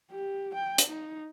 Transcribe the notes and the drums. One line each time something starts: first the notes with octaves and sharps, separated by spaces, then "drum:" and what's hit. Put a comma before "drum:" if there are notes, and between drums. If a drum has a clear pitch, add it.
G4
G5
drum: hi-hat
D#4